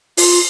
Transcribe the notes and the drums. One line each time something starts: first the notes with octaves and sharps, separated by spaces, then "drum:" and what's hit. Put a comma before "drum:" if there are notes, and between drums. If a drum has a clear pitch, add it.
F4, drum: open hi-hat